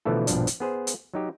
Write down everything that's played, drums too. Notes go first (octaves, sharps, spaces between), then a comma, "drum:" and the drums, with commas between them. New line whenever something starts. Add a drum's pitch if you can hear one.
B2 D3 E3 F3 A3 A4
A#1 G2 B2 F3 D4, drum: hi-hat
drum: hi-hat
B3 G#4 C5
drum: hi-hat
F#3 D#4 G4